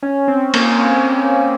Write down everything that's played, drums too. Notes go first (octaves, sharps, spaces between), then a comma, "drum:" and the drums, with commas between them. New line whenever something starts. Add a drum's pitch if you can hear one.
C#4
C4
A#3, drum: cymbal
C#4